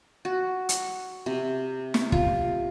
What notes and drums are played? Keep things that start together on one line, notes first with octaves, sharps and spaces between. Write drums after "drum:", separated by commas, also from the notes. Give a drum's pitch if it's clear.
F#4
drum: hi-hat
C3
drum: snare
F4, drum: kick